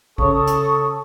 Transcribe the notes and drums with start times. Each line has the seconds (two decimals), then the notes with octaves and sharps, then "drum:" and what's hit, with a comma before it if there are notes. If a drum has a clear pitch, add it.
0.18 C#3 A4 C#5 A5 C#6 D#6, drum: kick A1
0.47 drum: hi-hat